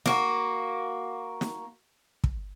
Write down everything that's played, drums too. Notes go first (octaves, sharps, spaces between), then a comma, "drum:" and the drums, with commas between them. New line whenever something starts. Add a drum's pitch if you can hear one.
A#3 F#4, drum: snare
drum: snare
drum: kick